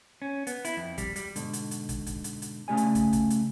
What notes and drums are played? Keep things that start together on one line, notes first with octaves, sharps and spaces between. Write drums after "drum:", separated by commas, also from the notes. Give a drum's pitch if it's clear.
C#4
B3, drum: hi-hat
E4, drum: hi-hat
F2
G3, drum: kick, hi-hat
G3, drum: hi-hat
G#2 B2 D3, drum: hi-hat
drum: hi-hat
drum: hi-hat
drum: kick, hi-hat
drum: kick, hi-hat
drum: hi-hat
drum: hi-hat
C#3 A3 G4 D5 G#5
drum: hi-hat
drum: kick, hi-hat
drum: kick, hi-hat
drum: hi-hat